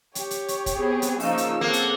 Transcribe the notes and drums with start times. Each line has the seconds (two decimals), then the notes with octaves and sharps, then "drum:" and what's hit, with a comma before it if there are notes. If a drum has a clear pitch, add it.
0.15 G4 C#5, drum: hi-hat
0.31 drum: hi-hat
0.48 drum: hi-hat
0.66 drum: kick, hi-hat
0.77 B3 C4 G#4
1.02 drum: hi-hat
1.20 C#3 F3 A#3 D#4 C#6 E6, drum: open hi-hat
1.38 drum: hi-hat
1.61 A#3 C4 A4 F#5
1.73 drum: hi-hat